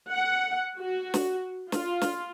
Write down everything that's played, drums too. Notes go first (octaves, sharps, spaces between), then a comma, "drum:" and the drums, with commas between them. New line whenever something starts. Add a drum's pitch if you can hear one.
F#5
F#4
drum: snare
F4, drum: snare
drum: snare